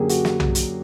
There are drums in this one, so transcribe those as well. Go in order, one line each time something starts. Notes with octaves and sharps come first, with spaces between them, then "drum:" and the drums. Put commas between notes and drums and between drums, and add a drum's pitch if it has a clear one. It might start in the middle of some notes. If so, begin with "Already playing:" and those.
Already playing: F#2 D3 F#3 A#3 G4 G#4
F#4, drum: hi-hat
drum: snare
drum: tom B1
drum: hi-hat